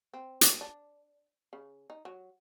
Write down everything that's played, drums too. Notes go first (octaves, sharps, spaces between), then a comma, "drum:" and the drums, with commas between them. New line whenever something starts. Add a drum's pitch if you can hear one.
C4
drum: hi-hat
D4
C#3
D#4
F#3